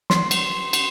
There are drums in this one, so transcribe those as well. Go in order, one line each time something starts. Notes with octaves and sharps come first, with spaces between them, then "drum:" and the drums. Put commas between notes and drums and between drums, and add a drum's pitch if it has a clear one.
C6, drum: snare
drum: cymbal
drum: cymbal